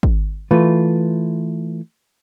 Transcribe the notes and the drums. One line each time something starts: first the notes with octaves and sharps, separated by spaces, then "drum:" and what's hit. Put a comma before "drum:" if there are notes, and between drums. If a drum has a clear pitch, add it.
drum: kick
E3 A3 F4 B4